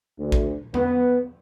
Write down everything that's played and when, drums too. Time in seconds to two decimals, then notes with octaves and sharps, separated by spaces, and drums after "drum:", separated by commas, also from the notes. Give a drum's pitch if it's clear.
0.19 D2
0.32 drum: kick
0.74 B3, drum: tom E2